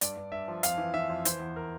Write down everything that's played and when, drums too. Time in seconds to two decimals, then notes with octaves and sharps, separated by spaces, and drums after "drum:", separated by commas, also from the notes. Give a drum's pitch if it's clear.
0.01 G2 D5, drum: hi-hat
0.17 G2
0.32 G2 E5
0.48 F3
0.63 F2 F5, drum: hi-hat
0.78 E3
0.94 E3 E5
1.10 F2
1.25 E3 C5, drum: hi-hat
1.40 E2
1.56 A#4